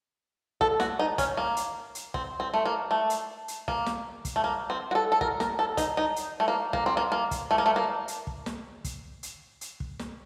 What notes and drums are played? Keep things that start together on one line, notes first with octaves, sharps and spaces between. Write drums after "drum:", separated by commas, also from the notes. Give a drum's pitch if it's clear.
A4, drum: kick
F#4, drum: snare
D#4
C#4, drum: kick, hi-hat
A#3
drum: hi-hat
drum: hi-hat
C4, drum: kick
C4
A3
A#3
A3
drum: hi-hat
drum: hi-hat
A#3, drum: kick
drum: snare
drum: kick, hi-hat
A3
A#3
C4
F#4
A4
A4
A#4, drum: kick
A#4, drum: snare
A4
D#4, drum: kick, hi-hat
D#4
drum: hi-hat
A3
A#3
A#3, drum: kick
C4
A#3
A#3
drum: kick, hi-hat
A3
A#3
A3
A#3
drum: hi-hat
drum: kick
drum: snare
drum: kick, hi-hat
drum: hi-hat
drum: hi-hat
drum: kick
drum: snare